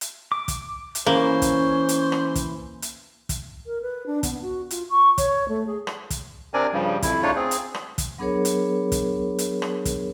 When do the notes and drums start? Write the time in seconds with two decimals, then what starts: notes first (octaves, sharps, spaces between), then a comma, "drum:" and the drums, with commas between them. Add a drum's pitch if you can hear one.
0.01 drum: hi-hat
0.32 D6
0.48 drum: kick, hi-hat
0.95 drum: hi-hat
1.06 E3 A#3 C#4 C5
1.42 drum: kick, hi-hat
1.89 drum: hi-hat
2.12 drum: rim click
2.35 drum: kick, hi-hat
2.82 drum: hi-hat
3.29 drum: kick, hi-hat
3.66 A#4
3.82 B4
4.06 D4
4.23 B3, drum: kick, hi-hat
4.42 F#4
4.71 F4, drum: hi-hat
4.90 C#6
5.18 C#5, drum: kick, hi-hat
5.48 A3
5.67 G#4
5.87 drum: rim click
6.10 drum: kick, hi-hat
6.54 C3 C4 D4 A#4 D5 G#5
6.73 G2 C#3 F3 G3
7.02 F2 E4, drum: kick, hi-hat
7.23 C#3 A3 D4 D#4 F4 C#5
7.36 C4 G#4
7.51 drum: hi-hat
7.74 drum: rim click
7.98 drum: kick, hi-hat
8.18 F#3 B3 D4 G#4 A#4 C#5
8.45 drum: hi-hat
8.92 drum: kick, hi-hat
9.39 drum: hi-hat
9.62 drum: rim click
9.85 drum: kick, hi-hat